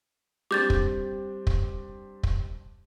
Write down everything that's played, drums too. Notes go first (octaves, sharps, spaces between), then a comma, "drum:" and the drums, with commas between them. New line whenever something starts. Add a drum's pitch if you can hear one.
G3 C4 D4 D6 G6 A6
drum: kick
drum: kick
drum: kick